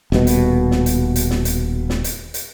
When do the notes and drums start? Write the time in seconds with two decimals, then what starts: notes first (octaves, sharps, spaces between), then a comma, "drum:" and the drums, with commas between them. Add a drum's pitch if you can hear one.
0.12 D#1 B2, drum: snare
0.27 drum: hi-hat
0.71 drum: snare
0.86 drum: hi-hat
1.16 drum: hi-hat
1.30 drum: snare
1.45 drum: hi-hat
1.90 drum: snare
2.04 drum: hi-hat
2.34 drum: hi-hat